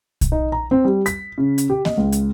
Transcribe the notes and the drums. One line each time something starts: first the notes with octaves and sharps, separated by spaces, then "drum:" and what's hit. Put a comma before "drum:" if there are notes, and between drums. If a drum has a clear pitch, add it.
drum: kick, hi-hat
D#4
A#5
C4
G3
B6, drum: hi-hat
C#3
drum: hi-hat
G4
D#5, drum: snare A#3
C#2
drum: hi-hat